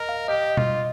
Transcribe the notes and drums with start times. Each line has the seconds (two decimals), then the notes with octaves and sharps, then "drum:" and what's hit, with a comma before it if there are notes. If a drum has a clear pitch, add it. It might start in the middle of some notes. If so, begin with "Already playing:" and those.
Already playing: A#4 D#5
0.09 F5
0.28 G4 D#5
0.57 F4, drum: tom B2